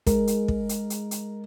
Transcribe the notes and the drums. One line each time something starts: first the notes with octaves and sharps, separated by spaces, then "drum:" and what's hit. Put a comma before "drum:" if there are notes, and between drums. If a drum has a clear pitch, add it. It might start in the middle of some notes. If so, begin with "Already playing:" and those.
G#3 A#4, drum: kick, hi-hat
drum: hi-hat
drum: kick
drum: hi-hat
drum: hi-hat
drum: hi-hat